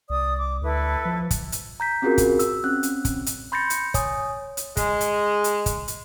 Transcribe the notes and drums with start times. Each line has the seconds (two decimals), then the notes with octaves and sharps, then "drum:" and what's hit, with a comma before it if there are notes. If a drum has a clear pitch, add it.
0.10 C2 D5 D#6
0.37 D6
0.62 D2 E4 A4 B4
1.05 F3
1.31 drum: kick, hi-hat
1.52 drum: hi-hat
1.80 A#5 G6 B6
2.02 C4 C#4 F4 F#4 G#4 A#4
2.18 drum: kick, hi-hat
2.39 E6, drum: hi-hat
2.64 C4 C#4 F#6
2.83 drum: hi-hat
3.05 drum: kick, hi-hat
3.26 drum: hi-hat
3.52 B5 C6 G6 A6 A#6 C#7
3.70 drum: hi-hat
3.94 C#5 G#5 D#6, drum: kick, hi-hat
4.57 drum: hi-hat
4.77 G#3, drum: kick, hi-hat
5.01 drum: hi-hat
5.44 drum: hi-hat
5.66 drum: kick, hi-hat
5.88 drum: hi-hat